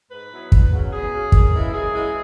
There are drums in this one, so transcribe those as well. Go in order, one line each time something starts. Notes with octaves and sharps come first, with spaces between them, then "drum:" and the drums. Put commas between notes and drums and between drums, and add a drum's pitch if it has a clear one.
G#2 B4
F#3 B3 E4
E2, drum: kick
C#3 F#3
E2 G#4
C#3 F#3
F#2, drum: kick
C#3 E3 G#3 E4
F#2 G#4
C#3 E3 G#3 E4